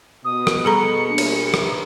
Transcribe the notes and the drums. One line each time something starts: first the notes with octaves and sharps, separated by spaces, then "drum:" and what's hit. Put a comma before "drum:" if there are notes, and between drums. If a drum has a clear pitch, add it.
B2 D#6
drum: rim click
G3 G#4 A4 A#5 B5 C#6 C#7
A#3 D4
drum: cymbal
D#4 A#4 B4, drum: rim click